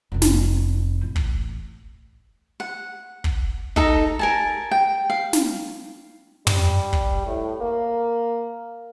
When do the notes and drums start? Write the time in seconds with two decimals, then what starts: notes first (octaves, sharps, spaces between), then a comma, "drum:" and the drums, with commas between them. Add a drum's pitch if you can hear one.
0.12 F1 F2
0.22 drum: snare
1.01 A1
1.16 drum: kick
2.60 F#5
3.24 drum: kick
3.76 D#4 A4 A#5, drum: kick
4.19 A#4 G#5 A5
4.71 G5
5.10 F5
5.33 drum: snare
6.47 G3, drum: tom
6.93 drum: kick
7.26 A2
7.61 A#3